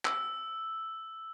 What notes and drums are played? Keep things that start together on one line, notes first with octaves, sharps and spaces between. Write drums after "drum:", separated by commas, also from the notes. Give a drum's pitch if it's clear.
E6, drum: clap